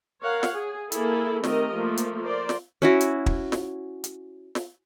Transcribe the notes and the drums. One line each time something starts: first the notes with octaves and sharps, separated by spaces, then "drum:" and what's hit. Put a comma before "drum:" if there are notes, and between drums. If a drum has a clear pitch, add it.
A#4 C#5 F5 F#5
drum: snare
G#4
A#3 E4 G#4 A4, drum: hi-hat
D#3 A3 C4 G4 A#4 D#5, drum: snare
F3 A3 A#3
drum: hi-hat
A#4 C5 D5
drum: snare
C#4 E4 F#4
drum: hi-hat
drum: kick
drum: snare
drum: hi-hat
drum: snare